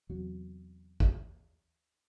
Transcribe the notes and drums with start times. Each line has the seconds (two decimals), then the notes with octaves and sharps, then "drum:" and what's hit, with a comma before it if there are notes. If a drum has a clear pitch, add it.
0.09 E2 C3 F#3
1.00 drum: kick A1